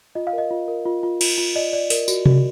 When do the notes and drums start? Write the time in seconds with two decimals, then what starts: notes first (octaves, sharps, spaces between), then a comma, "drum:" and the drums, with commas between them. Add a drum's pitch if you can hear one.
0.15 F4 D#5
0.27 F5
0.33 A#4 D#5
0.50 F4
0.68 A#4
0.86 F4
1.03 F4
1.21 F4, drum: cymbal
1.38 F4
1.55 D5 D#5
1.73 D5
1.90 A#4, drum: open hi-hat
2.08 F#4, drum: tambourine
2.26 F#4, drum: tom C3